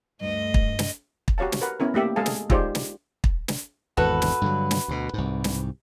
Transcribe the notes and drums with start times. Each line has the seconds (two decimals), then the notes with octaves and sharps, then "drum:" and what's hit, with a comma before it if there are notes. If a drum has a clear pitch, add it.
0.21 D2 G2 D#5
0.54 drum: kick
0.79 drum: snare
1.28 drum: kick
1.38 F#4 G4 C#5 F5 A5
1.52 drum: snare
1.61 A#4 B4 F#5
1.80 B3 C#4 E4 A#4
1.94 A3 A#3 G4 E5
2.16 G#3 G#4 A4 F5 G#5 A5
2.26 drum: snare
2.50 G#3 D#4 F4 G4 C5 D5, drum: kick
2.75 drum: snare
3.24 drum: kick
3.48 drum: snare
3.97 G#1 E2 F#4 A4 B4
4.22 drum: snare
4.41 G2 D3 F#3
4.71 drum: snare
4.88 D2 B2
5.14 C2 G#2
5.44 drum: snare